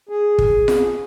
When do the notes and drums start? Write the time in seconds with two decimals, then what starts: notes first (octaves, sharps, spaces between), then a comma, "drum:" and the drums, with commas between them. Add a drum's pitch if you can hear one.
0.09 G#4
0.38 drum: kick
0.68 drum: snare F4